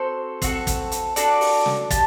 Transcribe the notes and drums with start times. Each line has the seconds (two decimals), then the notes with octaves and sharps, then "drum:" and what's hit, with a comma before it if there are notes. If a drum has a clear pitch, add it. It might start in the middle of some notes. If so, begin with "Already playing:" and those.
Already playing: C4 F#4 A4 C5
0.42 C4 F#4 A4, drum: kick, hi-hat
0.67 drum: kick, hi-hat
0.92 drum: hi-hat
1.16 D4 F#4 A4 D5, drum: hi-hat
1.41 drum: open hi-hat
1.66 drum: snare
1.90 G4 A5, drum: kick, hi-hat